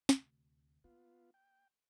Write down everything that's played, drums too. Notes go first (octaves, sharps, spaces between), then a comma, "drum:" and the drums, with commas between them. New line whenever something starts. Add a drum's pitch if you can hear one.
D2 C3, drum: snare
A#3 B3 F4
G5